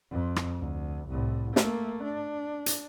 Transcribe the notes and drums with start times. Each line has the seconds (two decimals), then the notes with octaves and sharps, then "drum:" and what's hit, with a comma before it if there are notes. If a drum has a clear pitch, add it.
0.11 F2
0.36 drum: rim click
0.59 D2
1.09 C2 A2
1.56 A3 A#3, drum: snare
2.04 D4
2.66 drum: hi-hat